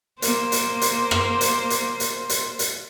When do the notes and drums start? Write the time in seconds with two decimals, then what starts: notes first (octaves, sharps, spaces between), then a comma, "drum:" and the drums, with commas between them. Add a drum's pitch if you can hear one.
0.22 A#3 C5, drum: hi-hat
0.52 drum: hi-hat
0.81 drum: hi-hat
1.11 drum: rim click
1.41 drum: hi-hat
1.70 drum: hi-hat
2.00 drum: hi-hat
2.29 drum: hi-hat
2.59 drum: hi-hat